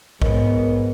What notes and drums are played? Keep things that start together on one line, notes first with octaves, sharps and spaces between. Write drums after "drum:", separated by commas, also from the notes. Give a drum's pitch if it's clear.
G#2 B3 A#4 C#5 D#5, drum: kick